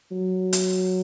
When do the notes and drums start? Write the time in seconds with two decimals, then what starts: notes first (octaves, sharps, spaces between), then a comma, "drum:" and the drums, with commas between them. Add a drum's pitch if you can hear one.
0.12 F#3
0.53 drum: hi-hat